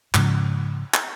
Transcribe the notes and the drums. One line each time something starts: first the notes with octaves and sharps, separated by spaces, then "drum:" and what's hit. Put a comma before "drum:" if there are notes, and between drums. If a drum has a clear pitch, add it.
G#2 C#3 F3, drum: clap
drum: clap